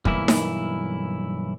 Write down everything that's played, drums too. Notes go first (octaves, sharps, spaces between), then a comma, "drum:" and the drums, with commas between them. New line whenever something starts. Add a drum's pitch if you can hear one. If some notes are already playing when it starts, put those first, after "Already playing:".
B1 G2 E3 A#3 E4, drum: kick
drum: snare D#4